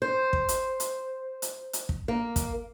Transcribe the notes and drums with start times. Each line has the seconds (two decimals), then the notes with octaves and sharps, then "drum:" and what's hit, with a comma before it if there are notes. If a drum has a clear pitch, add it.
0.02 C5
0.33 drum: kick
0.49 drum: hi-hat
0.80 drum: hi-hat
1.42 drum: hi-hat
1.73 drum: hi-hat
1.89 drum: kick
2.08 A#3
2.36 drum: kick, hi-hat